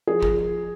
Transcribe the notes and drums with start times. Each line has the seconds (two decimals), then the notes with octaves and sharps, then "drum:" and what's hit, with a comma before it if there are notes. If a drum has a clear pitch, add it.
0.07 F3 G#4
0.23 drum: kick